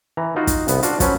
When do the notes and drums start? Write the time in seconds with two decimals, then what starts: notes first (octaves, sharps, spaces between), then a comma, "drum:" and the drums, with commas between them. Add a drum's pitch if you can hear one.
0.17 E3 A#5
0.36 D#4 F4 F#4
0.47 drum: kick, hi-hat
0.68 C2 B3, drum: hi-hat
0.83 D4 F4 F#4, drum: hi-hat
1.00 F3 F#3 C#4 B4, drum: kick, hi-hat